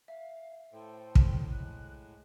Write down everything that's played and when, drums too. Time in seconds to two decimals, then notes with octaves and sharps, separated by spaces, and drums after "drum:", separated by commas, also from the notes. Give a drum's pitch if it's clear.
0.08 E5 F5
0.73 A2 A4 C5 G5
1.15 drum: kick
1.51 G#3 F#6